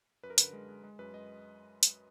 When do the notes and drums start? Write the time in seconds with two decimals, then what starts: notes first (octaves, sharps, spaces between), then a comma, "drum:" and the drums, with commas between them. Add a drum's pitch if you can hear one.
0.23 F#2 B4
0.30 A#4
0.38 D3 B4, drum: hi-hat
0.53 G#3
0.69 G#3
0.84 G#3
0.99 F#2 B4
1.14 G#3 D#5
1.83 drum: hi-hat